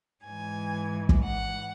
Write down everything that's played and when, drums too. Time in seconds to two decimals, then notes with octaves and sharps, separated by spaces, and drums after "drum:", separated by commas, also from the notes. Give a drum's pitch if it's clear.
0.24 G#2 E3 G#3 G#5
1.09 drum: kick
1.25 F#5